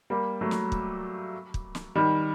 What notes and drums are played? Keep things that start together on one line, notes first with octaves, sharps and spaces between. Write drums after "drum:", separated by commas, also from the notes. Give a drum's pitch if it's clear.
G3 A#3
F#3 A3
drum: snare
drum: kick
drum: kick
drum: snare
D#3 G3